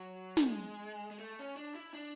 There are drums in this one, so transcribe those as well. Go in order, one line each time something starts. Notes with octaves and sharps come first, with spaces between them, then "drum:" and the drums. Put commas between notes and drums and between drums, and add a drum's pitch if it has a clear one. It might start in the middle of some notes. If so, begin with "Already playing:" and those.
Already playing: F#3
A3, drum: snare
G#3
G#3
A3
C#4
D4
E4
D4